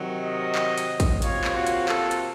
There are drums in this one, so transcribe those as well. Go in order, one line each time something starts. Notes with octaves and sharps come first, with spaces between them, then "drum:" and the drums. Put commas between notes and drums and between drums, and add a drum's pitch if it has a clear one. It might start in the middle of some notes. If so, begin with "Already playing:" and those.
Already playing: C3 D#3 F#3
D#5
drum: clap
drum: hi-hat
drum: kick, hi-hat
C3 F3 A#3 F4 C#5, drum: hi-hat
drum: clap
F#4
drum: hi-hat
A4, drum: clap
drum: hi-hat